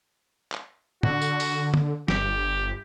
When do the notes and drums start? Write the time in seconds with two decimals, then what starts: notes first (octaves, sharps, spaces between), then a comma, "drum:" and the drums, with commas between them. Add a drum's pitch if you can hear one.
0.52 drum: clap
1.03 D3 F#4, drum: tom
1.22 drum: tambourine
1.40 drum: open hi-hat
1.74 drum: tom D3
2.08 G1 G4, drum: snare